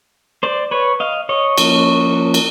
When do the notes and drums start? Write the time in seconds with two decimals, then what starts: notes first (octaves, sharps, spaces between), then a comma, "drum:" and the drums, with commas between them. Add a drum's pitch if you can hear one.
0.43 C5 D5
0.71 B4 C#5
1.00 D#5 F5
1.29 C#5 D#5
1.58 F3 A#3 C#4, drum: cymbal
2.34 drum: cymbal